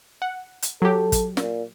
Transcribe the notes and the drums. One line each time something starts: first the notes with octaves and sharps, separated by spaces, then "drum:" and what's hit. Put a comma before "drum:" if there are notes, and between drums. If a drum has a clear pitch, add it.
F#5
drum: hi-hat
F#3 G4 A4
drum: kick, hi-hat
A#2, drum: snare